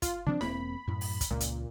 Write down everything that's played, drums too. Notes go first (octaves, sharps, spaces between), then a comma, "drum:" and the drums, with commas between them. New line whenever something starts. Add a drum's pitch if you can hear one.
F4, drum: kick, hi-hat
C#3 F3 C4 D4
E1 A#3 C4 B5, drum: snare E4
F#2 A2
drum: open hi-hat
drum: kick, hi-hat
C#2 A#2
drum: hi-hat